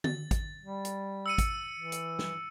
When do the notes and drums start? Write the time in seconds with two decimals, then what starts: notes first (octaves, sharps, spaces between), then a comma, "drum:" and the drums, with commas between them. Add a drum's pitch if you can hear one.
0.04 A6, drum: tom D3
0.31 drum: kick, hi-hat
0.61 G3
0.85 drum: hi-hat
1.26 E6 C#7 D#7
1.38 drum: kick, hi-hat
1.76 E3
1.92 drum: hi-hat
2.19 drum: snare